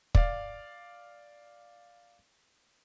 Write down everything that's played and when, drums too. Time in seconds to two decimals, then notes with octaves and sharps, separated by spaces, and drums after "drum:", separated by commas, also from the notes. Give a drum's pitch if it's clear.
0.15 D5 F5, drum: kick